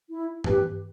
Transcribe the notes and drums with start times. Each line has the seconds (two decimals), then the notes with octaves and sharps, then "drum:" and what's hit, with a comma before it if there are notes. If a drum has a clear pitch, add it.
0.09 E4
0.44 G4 B4, drum: tom G2